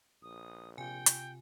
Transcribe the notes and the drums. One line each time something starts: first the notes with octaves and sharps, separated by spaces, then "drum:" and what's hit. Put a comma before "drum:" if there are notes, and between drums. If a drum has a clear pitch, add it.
A#1 D#6
C3 F4 G5 G#5
drum: hi-hat